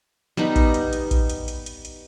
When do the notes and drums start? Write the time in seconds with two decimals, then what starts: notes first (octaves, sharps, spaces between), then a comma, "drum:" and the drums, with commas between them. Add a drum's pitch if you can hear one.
0.37 G3 B3 D#4, drum: snare
0.56 drum: kick A1, hi-hat
0.74 drum: hi-hat
0.93 drum: hi-hat
1.11 drum: kick A1, hi-hat
1.29 drum: hi-hat
1.48 drum: hi-hat
1.66 drum: hi-hat
1.85 drum: hi-hat